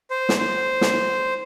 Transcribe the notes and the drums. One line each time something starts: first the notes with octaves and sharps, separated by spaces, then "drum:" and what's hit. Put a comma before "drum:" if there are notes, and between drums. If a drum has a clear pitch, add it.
C5
drum: snare
C5
drum: snare